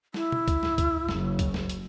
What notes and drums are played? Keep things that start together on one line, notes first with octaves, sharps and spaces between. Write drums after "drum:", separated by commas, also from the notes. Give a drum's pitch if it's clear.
E4, drum: snare
drum: tom B2
drum: kick C#2, hi-hat
drum: snare
drum: kick C#2, hi-hat
F#1 C#3 F#3, drum: snare
drum: kick C#2, hi-hat
drum: snare
drum: hi-hat